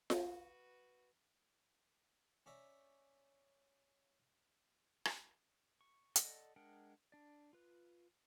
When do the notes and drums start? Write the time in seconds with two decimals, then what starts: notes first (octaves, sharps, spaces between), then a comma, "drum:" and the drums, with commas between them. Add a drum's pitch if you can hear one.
0.10 drum: snare F4
0.22 F#4 B4
2.46 C#4 D5 E5 A#5
5.05 drum: rim click
5.81 C#6
6.16 A4 D5 D#5 F#5 C6, drum: hi-hat
6.56 G#3 D4 A#4 F#5 G5
7.12 D4 D5
7.53 F4 B4